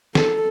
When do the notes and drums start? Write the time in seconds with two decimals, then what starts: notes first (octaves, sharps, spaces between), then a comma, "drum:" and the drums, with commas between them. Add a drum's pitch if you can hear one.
0.15 A4, drum: snare